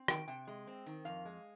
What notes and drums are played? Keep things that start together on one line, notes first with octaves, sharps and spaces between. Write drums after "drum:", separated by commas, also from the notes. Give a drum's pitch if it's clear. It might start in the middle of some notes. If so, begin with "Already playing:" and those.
Already playing: C4
D#3 G5, drum: rim click
C3 G5
G#3
C4
D#3
F2 F5
G#3